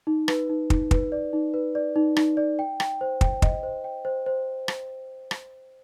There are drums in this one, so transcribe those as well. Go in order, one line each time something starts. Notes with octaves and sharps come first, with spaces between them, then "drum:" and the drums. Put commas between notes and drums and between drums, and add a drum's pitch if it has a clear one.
D#4
B4, drum: rim click
D#4
D#4, drum: kick
B4, drum: kick
D5
D#4
B4
D5
D#4
D#4, drum: rim click
D5
G5
G5, drum: rim click
C5
G5, drum: kick
D#5, drum: kick
C5
G5
C5
C5
drum: rim click
drum: rim click